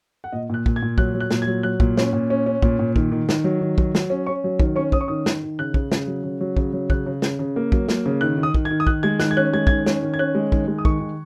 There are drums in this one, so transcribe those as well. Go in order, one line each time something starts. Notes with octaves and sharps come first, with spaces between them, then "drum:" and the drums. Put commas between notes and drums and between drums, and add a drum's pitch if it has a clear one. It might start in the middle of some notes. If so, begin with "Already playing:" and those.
F#5
A#2 D#5
A#2 F#6
A#2, drum: kick
G#6
A#2
F#3 F#6, drum: kick
F#3
F#6
A#2, drum: snare
G#6
F#3
F#3 F#6
A#2, drum: kick
C#4, drum: snare
A#2
C#4
C#4
A#2, drum: kick
A#2
D#3, drum: kick
D#3
D#3, drum: snare
F#3
D#3
F#3, drum: kick
F#3, drum: snare
C#4
C#4 C#6
F#3
D#3, drum: kick
C#4 C#6
C#4 D#6, drum: kick
C#6
D#3 D#6
D#3, drum: snare
D#3
C#3 F#6
C#3, drum: kick
C#3, drum: snare
F#3
C#3
F#3
C#3, drum: kick
F#3
C#3 F#6, drum: kick
C#3
C#3, drum: snare
C#3
A#3
F#3, drum: kick
A#3, drum: snare
C#3
D#3 F#6
D#3
D#6
D#3, drum: kick
G#6
D#3
D#6
D#3 F#6, drum: kick
G#3 G#6
D#3 F#6, drum: snare
G#6
C#4 F#6
G#3 G#6
D#3 G#6, drum: kick
C#4, drum: snare
D#3
G#6
C#4 F#6
G#3
D#3, drum: kick
G#3
D#6
D#3 C#6, drum: kick
D#3